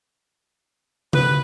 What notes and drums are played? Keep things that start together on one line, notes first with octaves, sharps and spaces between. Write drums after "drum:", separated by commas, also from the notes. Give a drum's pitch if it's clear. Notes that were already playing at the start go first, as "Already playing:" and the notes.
B4, drum: tom